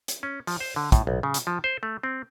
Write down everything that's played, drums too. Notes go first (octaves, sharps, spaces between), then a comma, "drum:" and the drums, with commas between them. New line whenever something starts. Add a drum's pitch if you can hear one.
drum: hi-hat
C#4
F3, drum: open hi-hat
C5
D3
A2, drum: kick, hi-hat
B1
C#3
drum: hi-hat
F3
C5
A3
C4